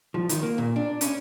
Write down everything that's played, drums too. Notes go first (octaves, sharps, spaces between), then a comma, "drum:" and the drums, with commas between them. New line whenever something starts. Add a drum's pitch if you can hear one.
F3
D#3, drum: hi-hat
A#3
A#2
D4
C#4, drum: hi-hat